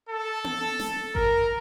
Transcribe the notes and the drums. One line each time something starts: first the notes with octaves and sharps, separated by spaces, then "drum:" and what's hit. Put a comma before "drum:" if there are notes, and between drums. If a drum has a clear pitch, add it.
A4
drum: tom B3
drum: snare
A#4, drum: kick G#1